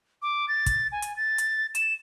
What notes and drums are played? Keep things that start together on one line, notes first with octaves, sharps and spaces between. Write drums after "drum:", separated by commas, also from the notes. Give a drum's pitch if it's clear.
D6
A6
drum: kick, hi-hat
G#5
drum: hi-hat
A6
drum: hi-hat
E7, drum: hi-hat